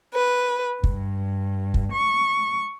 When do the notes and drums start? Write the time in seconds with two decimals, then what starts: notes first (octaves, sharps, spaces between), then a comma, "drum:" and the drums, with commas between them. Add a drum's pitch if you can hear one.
0.15 B4
0.84 G2, drum: kick
1.74 drum: kick
1.94 C#6